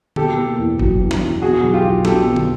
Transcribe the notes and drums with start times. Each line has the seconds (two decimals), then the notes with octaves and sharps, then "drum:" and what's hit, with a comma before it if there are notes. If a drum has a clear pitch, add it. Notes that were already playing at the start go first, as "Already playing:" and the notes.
0.16 B2 G4 A4, drum: tom
0.37 A#3
0.58 E2
0.79 F#3, drum: kick F#1
1.00 E2
1.11 drum: snare
1.21 E2
1.42 B2 F#4 G#4
1.63 B1
1.74 F4 G4
1.84 B1
2.05 B2 G4 A4, drum: snare
2.26 B2
2.36 drum: tom